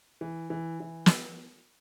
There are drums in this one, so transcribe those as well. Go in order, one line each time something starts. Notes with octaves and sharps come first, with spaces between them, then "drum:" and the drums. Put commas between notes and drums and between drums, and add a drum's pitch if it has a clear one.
E3
E3
E3
drum: snare